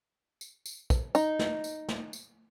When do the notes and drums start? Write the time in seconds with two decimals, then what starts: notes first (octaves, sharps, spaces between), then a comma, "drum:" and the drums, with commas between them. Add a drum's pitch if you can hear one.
0.41 drum: tambourine
0.66 drum: tambourine
0.90 drum: kick, tambourine
1.15 D#4, drum: tambourine
1.39 drum: snare
1.64 drum: tambourine
1.89 drum: snare
2.13 drum: tambourine